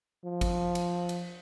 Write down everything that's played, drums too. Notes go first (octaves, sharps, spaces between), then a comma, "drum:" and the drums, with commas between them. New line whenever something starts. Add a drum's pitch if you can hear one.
F3
drum: kick G#1, cymbal
drum: cymbal
drum: cymbal